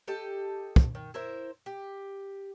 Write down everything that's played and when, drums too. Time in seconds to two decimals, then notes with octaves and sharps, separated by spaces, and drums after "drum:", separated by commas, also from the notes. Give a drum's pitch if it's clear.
0.08 G4 A4 D#5
0.76 drum: kick
0.95 D#3
1.14 E4 A#4 C5 E5
1.66 G4